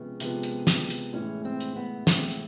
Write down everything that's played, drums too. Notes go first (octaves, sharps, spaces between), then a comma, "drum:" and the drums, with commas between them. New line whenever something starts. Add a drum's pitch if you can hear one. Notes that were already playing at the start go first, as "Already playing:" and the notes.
Already playing: C3 F3 G#3 B3 C#4
C3 F3 G#3 B3, drum: hi-hat
drum: hi-hat
drum: snare
drum: hi-hat
A2 E3 G#3 C#4
C4
drum: hi-hat
B3
A2 E3 G#3 C4, drum: snare
drum: hi-hat